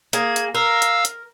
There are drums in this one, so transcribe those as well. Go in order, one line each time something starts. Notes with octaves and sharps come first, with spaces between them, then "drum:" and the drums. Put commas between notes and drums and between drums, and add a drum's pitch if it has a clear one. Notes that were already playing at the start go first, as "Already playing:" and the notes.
A#3 G#4 G#6, drum: hi-hat
drum: hi-hat
A#4 F5 E6
drum: hi-hat
drum: hi-hat